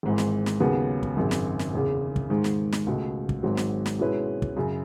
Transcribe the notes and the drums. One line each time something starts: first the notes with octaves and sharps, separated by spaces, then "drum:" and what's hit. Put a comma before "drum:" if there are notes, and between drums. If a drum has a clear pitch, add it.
G#1 G#2 E3
drum: snare
drum: snare
D#2 C#3 F#3 B3
drum: kick
G#1 F#2 C#3
drum: snare
drum: snare
E1 E2 C#3
drum: kick
G#2 D#3 G#3
drum: snare
drum: snare
C#2 B2 A3
drum: kick
G#1 G#2 F#3
drum: snare
drum: snare
B2 G#3 C#4 E4 B4
drum: kick
F#2 C#3